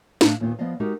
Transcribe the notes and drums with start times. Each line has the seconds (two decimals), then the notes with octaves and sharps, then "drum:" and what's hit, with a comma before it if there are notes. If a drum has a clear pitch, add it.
0.21 A2 D4 E5 F5, drum: snare
0.40 D#2 A#2 D#3 B3 F4
0.59 F3 B3 D5 D#5 F5
0.80 G#3 D#4 F#4 G4 A#4